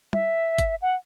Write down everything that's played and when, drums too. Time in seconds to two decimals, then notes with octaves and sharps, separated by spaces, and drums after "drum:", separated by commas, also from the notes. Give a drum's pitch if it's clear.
0.13 E5, drum: tom
0.58 drum: kick, hi-hat
0.82 F#5